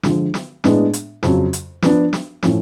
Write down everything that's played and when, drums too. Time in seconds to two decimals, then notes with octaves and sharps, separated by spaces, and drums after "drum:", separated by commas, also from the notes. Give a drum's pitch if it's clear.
0.03 D3 F3 G#3, drum: snare
0.34 drum: snare
0.64 A2 G#3 B3 D4, drum: snare
0.93 drum: hi-hat
1.23 F2 C#3 F#3, drum: snare
1.53 drum: hi-hat
1.82 F3 B3 D4, drum: snare
2.13 drum: snare
2.43 A2 F3 A3 C#4, drum: snare